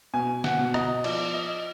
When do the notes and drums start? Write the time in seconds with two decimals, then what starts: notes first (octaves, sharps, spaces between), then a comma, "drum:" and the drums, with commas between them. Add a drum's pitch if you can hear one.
0.14 B2 G#5
0.44 F#5, drum: snare
0.59 B2
0.74 D#5, drum: rim click
1.04 F3 D5, drum: cymbal
1.34 D#5